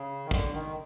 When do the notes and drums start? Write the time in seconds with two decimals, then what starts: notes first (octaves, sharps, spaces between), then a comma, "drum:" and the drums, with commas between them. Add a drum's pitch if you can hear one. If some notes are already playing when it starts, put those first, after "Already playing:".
Already playing: C#3
0.25 D#3
0.31 D3, drum: kick
0.53 D#3